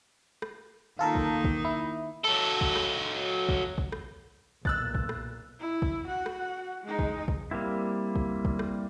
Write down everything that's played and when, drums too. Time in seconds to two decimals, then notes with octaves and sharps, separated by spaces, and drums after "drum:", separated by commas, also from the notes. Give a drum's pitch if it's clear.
0.42 drum: rim click
0.99 D#3 A#3 D#4 F4 A4 A#4
1.15 drum: kick
1.44 drum: kick
1.65 E4
2.25 F#3 A4
2.61 drum: kick
2.76 drum: rim click
3.49 drum: kick
3.78 drum: kick
3.92 drum: rim click
4.65 B1 A#2 E6 F#6 A6, drum: kick
4.95 drum: kick
5.09 drum: rim click
5.60 E4
5.82 drum: kick
6.07 F#4 F#5
6.26 drum: rim click
6.84 G#3 D#4
6.99 drum: kick
7.28 drum: kick
7.51 G3 A#3 C4 E4
8.16 drum: kick
8.45 drum: kick
8.59 drum: rim click